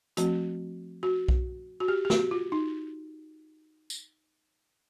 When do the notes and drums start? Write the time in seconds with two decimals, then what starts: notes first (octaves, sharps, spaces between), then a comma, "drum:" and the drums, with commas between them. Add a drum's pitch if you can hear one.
0.17 F3 A3 C4 F#4, drum: hi-hat
1.03 F#4
1.28 drum: kick B1
1.80 F#4
1.88 G4
2.05 G4
2.10 F#4, drum: snare
2.31 F4
2.52 D#4
3.90 drum: tambourine